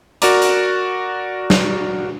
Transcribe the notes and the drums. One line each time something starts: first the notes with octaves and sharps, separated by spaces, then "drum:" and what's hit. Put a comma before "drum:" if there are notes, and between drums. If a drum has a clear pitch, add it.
F#4 A#4 D5 A#5 D6, drum: hi-hat
drum: hi-hat
drum: snare